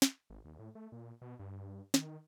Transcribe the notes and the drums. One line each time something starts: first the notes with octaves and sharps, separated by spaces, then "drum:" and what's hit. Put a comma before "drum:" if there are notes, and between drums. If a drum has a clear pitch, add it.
drum: snare
G#1
D#2
A2
A3
A#2
B2
G2
D#3, drum: snare